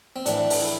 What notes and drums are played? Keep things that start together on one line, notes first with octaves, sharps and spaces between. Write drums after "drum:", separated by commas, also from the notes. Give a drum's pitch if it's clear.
C4
A2 E3 D4, drum: hi-hat
drum: open hi-hat
E4